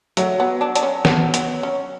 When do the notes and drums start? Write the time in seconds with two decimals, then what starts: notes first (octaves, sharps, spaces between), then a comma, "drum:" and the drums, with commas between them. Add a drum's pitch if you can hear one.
0.17 F#3 A3, drum: hi-hat
0.40 B3
0.61 D4
0.75 D4, drum: hi-hat
0.83 C#4
1.05 B3, drum: snare
1.34 B3, drum: hi-hat
1.63 C#4